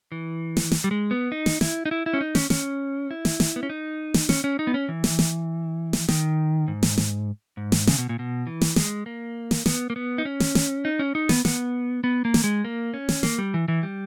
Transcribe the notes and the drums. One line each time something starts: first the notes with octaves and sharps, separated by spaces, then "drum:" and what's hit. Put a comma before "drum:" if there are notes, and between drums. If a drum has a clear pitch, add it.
E3
drum: snare
drum: snare
G3
G#3
B3
D#4
drum: snare
E4, drum: snare
D#4
E4
E4
C#4
D#4
C#4, drum: snare
C#4, drum: snare
E4
drum: snare
drum: snare
B3
C#4
D#4
drum: snare
C#4, drum: snare
C#4
D#4
B3
C#4
E3
drum: snare
drum: snare
drum: snare
D#3, drum: snare
G#2
drum: snare
drum: snare
G#2
drum: snare
C#3, drum: snare
B2
A#2
B2
E3
drum: snare
G#3, drum: snare
A#3
drum: snare
B3, drum: snare
A#3
B3
D#4
C#4
drum: snare
drum: snare
D#4
C#4
D#4
B3, drum: snare
B3, drum: snare
B3
A#3
drum: snare
G#3
A#3
C#4
drum: snare
A#3, drum: snare
G3
E3
E3
G3